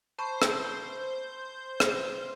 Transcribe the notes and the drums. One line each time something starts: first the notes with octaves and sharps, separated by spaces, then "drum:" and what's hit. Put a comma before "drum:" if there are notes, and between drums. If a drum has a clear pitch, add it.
C5 A5 B5 C#6
drum: rim click
drum: rim click